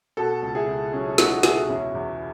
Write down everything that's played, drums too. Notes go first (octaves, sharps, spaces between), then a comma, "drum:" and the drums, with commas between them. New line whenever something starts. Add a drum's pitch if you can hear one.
B2 F#4 A4
C#2
E4 G#4
C#2
F#3 C#4 E4
E4
C#2 D#4 F#4, drum: snare
F#4
B2 E4 G#4, drum: snare
F#4
E2 C#4 E4
E2